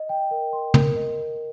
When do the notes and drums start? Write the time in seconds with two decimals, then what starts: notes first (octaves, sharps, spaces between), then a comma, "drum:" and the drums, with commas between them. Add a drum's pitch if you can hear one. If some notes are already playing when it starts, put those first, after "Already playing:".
Already playing: D#5
0.09 G5
0.31 A#4
0.53 C6
0.74 A#4, drum: tom
0.96 D#5